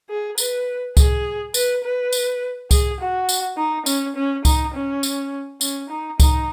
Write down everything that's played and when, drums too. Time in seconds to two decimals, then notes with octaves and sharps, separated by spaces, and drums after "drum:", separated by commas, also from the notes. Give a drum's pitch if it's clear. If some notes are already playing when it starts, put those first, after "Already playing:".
0.10 G#4
0.38 B4, drum: tambourine
0.97 G#4, drum: kick C#2, tambourine
1.54 B4, drum: tambourine
1.83 B4
2.12 drum: tambourine
2.71 G#4, drum: kick C#2, tambourine
3.00 F#4
3.29 drum: tambourine
3.57 D#4
3.86 C#4, drum: tambourine
4.16 C#4
4.45 D#4, drum: kick C#2, tambourine
4.74 C#4
5.03 drum: tambourine
5.61 C#4, drum: tambourine
5.90 D#4
6.20 D#4, drum: kick C#2, tambourine